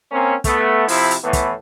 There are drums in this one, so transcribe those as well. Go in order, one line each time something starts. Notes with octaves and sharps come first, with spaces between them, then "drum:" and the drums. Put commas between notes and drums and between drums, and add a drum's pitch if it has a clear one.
A#3 C4 C#4
A3 B3, drum: kick, hi-hat
C3 F3 E4, drum: open hi-hat
drum: hi-hat
A2 E3 A3 B3
drum: kick, hi-hat